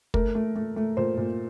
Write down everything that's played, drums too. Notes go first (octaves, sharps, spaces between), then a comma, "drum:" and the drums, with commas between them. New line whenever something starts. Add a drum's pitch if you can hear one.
A3 A#4, drum: kick
A3
A3
A3
A#2 C5
A#2